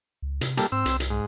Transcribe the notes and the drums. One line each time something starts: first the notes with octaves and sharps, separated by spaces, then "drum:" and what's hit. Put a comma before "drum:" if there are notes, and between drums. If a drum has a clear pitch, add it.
C#2
C3, drum: hi-hat
G3 A#3 A4, drum: hi-hat
G#2 C4 E6
C2, drum: hi-hat
drum: hi-hat
G#2